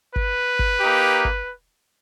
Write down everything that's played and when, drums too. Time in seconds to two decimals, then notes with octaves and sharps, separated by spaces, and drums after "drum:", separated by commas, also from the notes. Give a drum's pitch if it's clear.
0.16 B4, drum: kick G1
0.59 drum: kick G1
0.80 A#3 D#4 G4
1.25 drum: kick G1